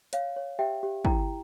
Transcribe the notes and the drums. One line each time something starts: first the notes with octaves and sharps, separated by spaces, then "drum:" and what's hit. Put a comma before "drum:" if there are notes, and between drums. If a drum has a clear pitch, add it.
C#5 F5, drum: hi-hat
C#5
G4 E5 G5
G4
E4 G5 A#5, drum: kick